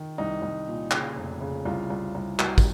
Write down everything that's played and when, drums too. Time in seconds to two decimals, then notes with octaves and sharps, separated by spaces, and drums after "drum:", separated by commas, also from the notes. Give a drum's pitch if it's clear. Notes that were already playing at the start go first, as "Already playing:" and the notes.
Already playing: D#3
0.18 C2 D#4
0.42 C2
0.68 A#2
0.91 C#3, drum: clap
1.16 F1
1.41 C#3
1.65 C2 F4
1.90 C2
2.15 C2
2.39 C2 F#4, drum: clap
2.58 drum: kick, tambourine